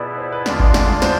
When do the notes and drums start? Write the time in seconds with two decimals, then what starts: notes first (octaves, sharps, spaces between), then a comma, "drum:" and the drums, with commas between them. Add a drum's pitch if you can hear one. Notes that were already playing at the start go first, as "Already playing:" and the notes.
Already playing: B2 B3 E4 G#4 B4 D5
0.18 C5
0.32 B4
0.46 E2 D3 G#3 D4 F4 D5, drum: snare
0.60 drum: kick G#1
0.74 D5, drum: snare
1.02 C5, drum: snare